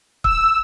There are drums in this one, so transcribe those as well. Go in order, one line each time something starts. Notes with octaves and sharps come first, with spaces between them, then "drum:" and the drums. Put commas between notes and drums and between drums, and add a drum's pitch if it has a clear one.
E6, drum: kick